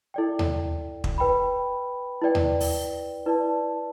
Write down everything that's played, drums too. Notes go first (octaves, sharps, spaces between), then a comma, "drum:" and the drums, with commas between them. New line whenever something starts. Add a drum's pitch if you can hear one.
E4 A4 D5 G5
drum: tom D#2
drum: kick
B4 G5 B5
E4 B4 D5 G5
drum: tom D#2
drum: open hi-hat
E4 B4 D5 A5